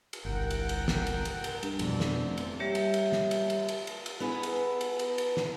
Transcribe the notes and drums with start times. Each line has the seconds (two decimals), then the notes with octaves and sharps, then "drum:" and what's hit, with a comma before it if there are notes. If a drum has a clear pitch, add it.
0.13 drum: cymbal
0.25 G1 C2 A#4 F#5 G5
0.50 drum: cymbal
0.69 drum: cymbal
0.88 drum: snare
1.07 drum: cymbal
1.25 drum: cymbal
1.44 drum: cymbal
1.63 G2, drum: cymbal
1.79 F2 B2 D3 E3 C4, drum: cymbal
2.00 drum: snare
2.22 F1
2.38 drum: cymbal
2.60 G3 A#3 G4 C#5 E5
2.75 drum: cymbal
2.94 drum: cymbal
3.12 drum: snare
3.31 drum: cymbal
3.50 drum: cymbal
3.68 drum: cymbal
3.87 drum: cymbal
4.06 drum: cymbal
4.20 B3 E4 G#4 B4
4.43 drum: cymbal
4.81 drum: cymbal
4.99 drum: cymbal
5.18 drum: cymbal
5.37 drum: snare